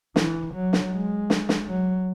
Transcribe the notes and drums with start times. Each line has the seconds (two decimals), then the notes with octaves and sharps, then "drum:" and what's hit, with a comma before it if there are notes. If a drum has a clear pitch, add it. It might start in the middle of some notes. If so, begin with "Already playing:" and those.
0.16 E3, drum: snare
0.54 F#3
0.73 drum: snare
0.92 G#3
1.30 drum: snare
1.49 drum: snare
1.67 F#3